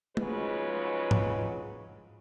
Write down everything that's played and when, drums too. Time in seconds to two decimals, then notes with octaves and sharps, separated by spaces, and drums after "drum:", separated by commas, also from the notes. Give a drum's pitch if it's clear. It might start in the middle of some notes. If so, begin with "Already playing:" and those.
0.17 G#2 C#3 F3 F#3 G#3 B4, drum: tom
1.11 drum: tom G#2